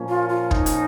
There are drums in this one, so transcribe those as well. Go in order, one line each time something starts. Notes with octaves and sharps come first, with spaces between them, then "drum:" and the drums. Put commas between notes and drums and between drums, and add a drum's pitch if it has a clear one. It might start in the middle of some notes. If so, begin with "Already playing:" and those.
Already playing: A#2 F3 A#3 C#4
F4
F4
D#4, drum: kick
drum: hi-hat